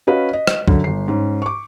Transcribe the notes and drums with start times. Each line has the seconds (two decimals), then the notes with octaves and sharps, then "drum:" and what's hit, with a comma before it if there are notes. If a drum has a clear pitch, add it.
0.07 C#4 F#4 B4 D#5 F5
0.33 D#5
0.47 drum: rim click
0.68 F#2 D3, drum: kick
0.84 G1 C7
1.08 G#2 C#4
1.42 C#6 D6